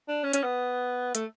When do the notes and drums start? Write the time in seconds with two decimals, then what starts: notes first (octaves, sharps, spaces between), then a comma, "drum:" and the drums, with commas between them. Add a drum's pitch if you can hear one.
0.08 D4
0.23 C#4
0.33 C#4, drum: hi-hat
0.43 B3
1.15 A3, drum: hi-hat